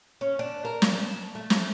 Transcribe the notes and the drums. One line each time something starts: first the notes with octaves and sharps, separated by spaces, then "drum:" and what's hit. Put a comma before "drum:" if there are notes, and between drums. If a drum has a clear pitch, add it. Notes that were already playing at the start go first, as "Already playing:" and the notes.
C#4
D4
A#4
drum: snare
A5
A3
drum: snare